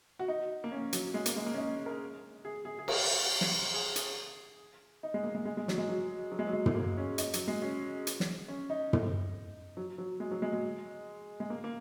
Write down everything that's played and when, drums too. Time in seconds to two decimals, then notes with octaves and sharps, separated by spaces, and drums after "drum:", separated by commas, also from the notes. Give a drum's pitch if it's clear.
0.19 F#4
0.28 D#4
0.64 A#3
0.72 C#4
0.93 F#3, drum: hi-hat
1.14 G#3
1.26 A#3, drum: hi-hat
1.36 G#3
1.46 A#3
1.54 C#4
1.57 D#4
1.86 A#4
2.45 G#4
2.65 G#4
2.79 G#4
2.88 A#4, drum: cymbal
3.41 drum: snare
3.74 G#4
3.96 G#4, drum: hi-hat
5.03 D#4
5.14 G#3
5.24 A#3
5.35 G#3
5.45 G#3
5.57 G#3
5.68 F#3, drum: snare
5.78 G#3
5.89 F#3
6.32 F#3
6.39 G#3
6.47 F#3
6.53 G#3
6.66 drum: tom
6.75 A#3
6.97 C#4
7.18 D#4, drum: hi-hat
7.34 F#3, drum: hi-hat
7.48 G#3
7.62 C#4
8.07 drum: hi-hat
8.20 drum: snare
8.48 C#4
8.70 D#4
8.93 drum: tom
9.77 F#3
9.98 F#3
10.20 G#3
10.31 F#3
10.42 G#3
10.53 G#3
11.40 G#3
11.50 A#3
11.64 A#3